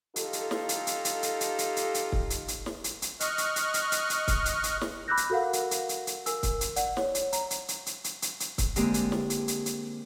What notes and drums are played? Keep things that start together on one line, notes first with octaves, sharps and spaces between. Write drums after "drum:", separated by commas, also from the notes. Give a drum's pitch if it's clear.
D#4 F4 G4 A4, drum: hi-hat
drum: hi-hat
drum: snare
drum: hi-hat
drum: hi-hat
drum: hi-hat
drum: hi-hat
drum: hi-hat
drum: hi-hat
drum: hi-hat
drum: hi-hat
drum: kick
drum: hi-hat
drum: hi-hat
drum: snare
drum: hi-hat
drum: hi-hat
D#5 C#6 F6 F#6, drum: hi-hat
drum: hi-hat
drum: hi-hat
drum: hi-hat
drum: hi-hat
drum: hi-hat
drum: kick, hi-hat
drum: hi-hat
drum: hi-hat
drum: snare
B5 D6 E6 F#6 G6 A#6
drum: hi-hat
F#4 A4 A#4 F5 F#5
drum: hi-hat
drum: hi-hat
drum: hi-hat
drum: hi-hat
A#4 G#5 E6, drum: hi-hat
drum: kick, hi-hat
drum: hi-hat
D5 F#5, drum: hi-hat
C#5, drum: snare
drum: hi-hat
A#5, drum: hi-hat
drum: hi-hat
drum: hi-hat
drum: hi-hat
drum: hi-hat
drum: hi-hat
drum: hi-hat
drum: kick, hi-hat
D3 G#3 A#3 C4 G4 G#4, drum: hi-hat
drum: hi-hat
drum: snare
drum: hi-hat
drum: hi-hat
drum: hi-hat